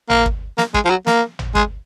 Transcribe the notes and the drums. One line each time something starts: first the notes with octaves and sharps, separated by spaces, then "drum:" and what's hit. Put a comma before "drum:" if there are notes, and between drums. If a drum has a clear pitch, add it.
A#3, drum: tom
drum: kick
A#3, drum: snare
G#3, drum: kick
F3
F#3
A#3, drum: snare
drum: tom
G#3, drum: kick